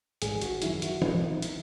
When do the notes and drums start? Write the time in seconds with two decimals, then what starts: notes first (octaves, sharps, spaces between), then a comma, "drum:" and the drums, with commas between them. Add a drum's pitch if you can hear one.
0.22 G#1 G#4, drum: hi-hat
0.41 F#4, drum: hi-hat
0.62 F#2 D#3 E4, drum: hi-hat
0.82 F#4, drum: hi-hat
1.02 G#1 E4, drum: tom
1.29 D#4
1.38 E4
1.42 D#3, drum: hi-hat